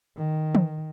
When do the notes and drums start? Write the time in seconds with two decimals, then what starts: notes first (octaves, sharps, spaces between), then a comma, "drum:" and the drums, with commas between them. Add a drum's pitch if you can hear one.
0.17 D#3
0.55 drum: tom